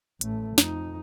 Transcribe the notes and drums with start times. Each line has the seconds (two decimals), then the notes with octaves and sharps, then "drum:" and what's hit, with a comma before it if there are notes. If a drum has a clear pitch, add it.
0.21 A1 A3, drum: hi-hat
0.58 F2 D#4, drum: snare